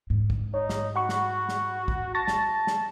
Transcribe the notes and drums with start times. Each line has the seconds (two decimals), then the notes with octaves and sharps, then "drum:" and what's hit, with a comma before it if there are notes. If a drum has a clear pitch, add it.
0.10 G#2
0.30 drum: kick
0.54 D#4 C#5
0.69 drum: snare
0.96 F#4 F#5 B5 C#6
1.09 drum: snare
1.48 drum: snare
1.88 drum: kick
2.15 A5 C#6 A6 A#6
2.28 drum: snare
2.67 drum: snare